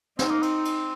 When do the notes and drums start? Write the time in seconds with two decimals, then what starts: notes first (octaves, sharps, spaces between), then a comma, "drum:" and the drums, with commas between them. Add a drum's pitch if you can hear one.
0.19 C4 D#4, drum: snare
0.31 A#3
0.43 C4, drum: cymbal
0.65 drum: cymbal